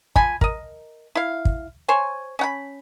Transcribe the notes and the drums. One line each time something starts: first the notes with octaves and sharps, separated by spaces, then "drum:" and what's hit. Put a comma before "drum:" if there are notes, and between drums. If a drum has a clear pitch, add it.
F3 G#5 B5, drum: kick
A#4 D#5, drum: kick
E4 F5
drum: kick
C5 C#5 G#5
C#4 F#5 B5